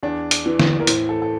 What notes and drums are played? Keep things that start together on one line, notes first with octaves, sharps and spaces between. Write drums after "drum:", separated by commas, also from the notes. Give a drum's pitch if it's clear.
E2 D4
drum: hi-hat
E3
drum: snare
A#4
A2 C5, drum: hi-hat
A4
A4